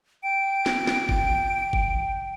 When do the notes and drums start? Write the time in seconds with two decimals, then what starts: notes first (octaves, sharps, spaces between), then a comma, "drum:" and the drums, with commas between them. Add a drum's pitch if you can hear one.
0.23 G5 D7
0.66 drum: snare
0.87 drum: snare
1.09 drum: kick G1
1.73 drum: kick G1